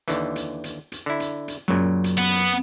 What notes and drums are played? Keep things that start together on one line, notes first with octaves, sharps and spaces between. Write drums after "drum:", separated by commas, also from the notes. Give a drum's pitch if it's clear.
D#2 D3 E3, drum: hi-hat
drum: hi-hat
drum: hi-hat
drum: hi-hat
D3 E4
drum: hi-hat
drum: hi-hat
F#2 A#2 C#3 F#3
drum: hi-hat
B3
drum: hi-hat